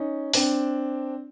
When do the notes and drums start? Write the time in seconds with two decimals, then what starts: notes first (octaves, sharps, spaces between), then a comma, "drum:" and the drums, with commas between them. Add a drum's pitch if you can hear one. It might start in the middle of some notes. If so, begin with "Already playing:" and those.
Already playing: C#4 D#4
0.33 C4 D4, drum: open hi-hat